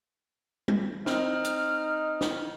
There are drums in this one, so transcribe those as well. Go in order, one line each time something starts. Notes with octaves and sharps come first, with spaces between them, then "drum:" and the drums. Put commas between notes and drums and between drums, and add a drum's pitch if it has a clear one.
drum: tom G3
C4 D#4 F6, drum: snare
drum: hi-hat
drum: snare